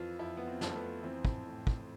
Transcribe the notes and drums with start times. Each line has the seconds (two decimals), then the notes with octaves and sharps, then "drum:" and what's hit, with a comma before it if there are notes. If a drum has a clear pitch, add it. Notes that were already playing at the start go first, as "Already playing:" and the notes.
Already playing: F2 E3 F4 B4
0.19 F2 E4
0.37 B3
0.47 C4
0.61 F2, drum: snare
0.70 A3
0.76 B3
1.03 E3 C4
1.25 drum: kick
1.46 A2
1.67 drum: kick